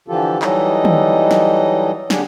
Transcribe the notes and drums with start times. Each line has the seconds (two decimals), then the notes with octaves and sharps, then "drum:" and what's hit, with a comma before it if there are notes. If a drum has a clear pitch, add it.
0.08 D3 E3 F3 F4 G4 A4
0.42 E3 F#3 G3 D#4 A4 D#5, drum: clap
0.85 drum: tom
1.31 drum: snare
2.10 D3 G3 D4 G4 G#4, drum: snare